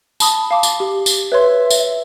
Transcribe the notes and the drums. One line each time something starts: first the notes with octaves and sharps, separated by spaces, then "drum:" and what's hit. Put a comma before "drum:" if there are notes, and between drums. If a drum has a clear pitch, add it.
A5 B5 D#6, drum: tambourine
F5 A5 D6
drum: tambourine
G4
drum: tambourine
B4 C#5 E5 C6
drum: tambourine